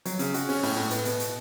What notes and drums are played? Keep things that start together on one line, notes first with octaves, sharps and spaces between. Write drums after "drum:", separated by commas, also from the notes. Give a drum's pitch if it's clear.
F#3, drum: hi-hat
C#3, drum: hi-hat
F#4, drum: hi-hat
C#4, drum: open hi-hat
A2, drum: open hi-hat
A2
B3, drum: hi-hat
B2, drum: hi-hat
drum: hi-hat